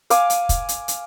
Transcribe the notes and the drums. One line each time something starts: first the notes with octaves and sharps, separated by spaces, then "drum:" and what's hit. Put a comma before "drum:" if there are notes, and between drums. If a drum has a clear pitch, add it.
F5 G#5 D6, drum: hi-hat
drum: hi-hat
drum: kick, hi-hat
drum: hi-hat
drum: hi-hat